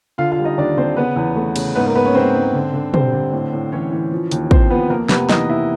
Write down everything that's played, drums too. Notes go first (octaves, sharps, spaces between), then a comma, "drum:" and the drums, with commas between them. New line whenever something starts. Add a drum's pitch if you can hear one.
D3 F4 F5
F4 F5
G3
D#4 D#5
D#2 D4 D5
D3 C4 C5
C#3 B3 B4
E2
A3
C#3, drum: cymbal
G#2 B3 B4
A#3 A#4
G#2 B3 B4
C#4 C#5
G#2 C4 C5
G#2
D3
D3
G3 C4 C5, drum: tom
D3
A2
A2
E3 C#4 C#5
E3
F3
D#2, drum: hi-hat
F3 C4 C5, drum: kick
F3 B3 B4
F2 A#3 A#4
C3 B3 B4, drum: snare
E3 D#4 D#5, drum: snare
C3 E4 E5